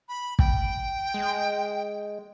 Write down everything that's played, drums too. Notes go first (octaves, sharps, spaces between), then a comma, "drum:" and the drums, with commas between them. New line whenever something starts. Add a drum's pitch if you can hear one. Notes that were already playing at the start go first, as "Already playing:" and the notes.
B5
G5, drum: kick
G#3